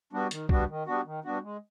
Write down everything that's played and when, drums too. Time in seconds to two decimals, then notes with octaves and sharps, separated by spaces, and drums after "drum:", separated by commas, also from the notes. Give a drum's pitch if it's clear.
0.13 G3 B3 D4 F#4
0.31 D#3, drum: hi-hat
0.49 G3 B3 D4 F#4, drum: kick
0.69 D#3
0.86 G3 B3 D4 F#4
1.05 D#3
1.24 G3 B3 D4 F#4
1.42 G#3